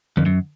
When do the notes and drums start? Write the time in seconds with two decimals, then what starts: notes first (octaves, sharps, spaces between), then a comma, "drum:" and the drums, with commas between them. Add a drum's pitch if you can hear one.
0.17 F2, drum: tom
0.26 F#2